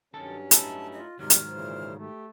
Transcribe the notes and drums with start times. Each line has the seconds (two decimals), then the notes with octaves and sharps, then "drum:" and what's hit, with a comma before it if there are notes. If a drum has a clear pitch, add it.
0.14 G2 D#3 F#3 C#4 A4 A5
0.51 A3 D#4 E4 A5, drum: hi-hat
0.93 F4 D#5
1.19 E2 G#2 C3 D#3 F#3 G3 F6
1.30 drum: hi-hat
1.49 A#2 C#3 E3 C5
1.99 A3 G4